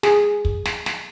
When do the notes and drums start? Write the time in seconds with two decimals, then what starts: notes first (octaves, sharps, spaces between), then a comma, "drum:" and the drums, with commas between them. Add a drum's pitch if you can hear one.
0.03 G#4, drum: snare
0.45 drum: kick
0.65 drum: snare
0.86 drum: snare